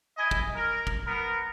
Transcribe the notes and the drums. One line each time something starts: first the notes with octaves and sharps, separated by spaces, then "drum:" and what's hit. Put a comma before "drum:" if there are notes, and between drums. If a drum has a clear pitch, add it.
E4 D#5 G#5
drum: kick
A#4
drum: kick
B3 A#4